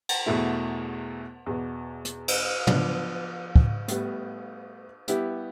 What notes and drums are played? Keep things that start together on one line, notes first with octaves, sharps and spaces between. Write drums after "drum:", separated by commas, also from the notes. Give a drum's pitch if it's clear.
drum: cymbal
E2 B2 A3 E4
E2 B2 B3
drum: hi-hat
drum: cymbal
F3 B3 D4, drum: tom
drum: kick
A2 G3 B3, drum: hi-hat
G3 B3 E4 G4, drum: hi-hat